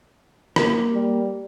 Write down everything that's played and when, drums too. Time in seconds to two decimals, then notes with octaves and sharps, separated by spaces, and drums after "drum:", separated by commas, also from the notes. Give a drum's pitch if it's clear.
0.56 A#3 A#4, drum: rim click
0.93 G3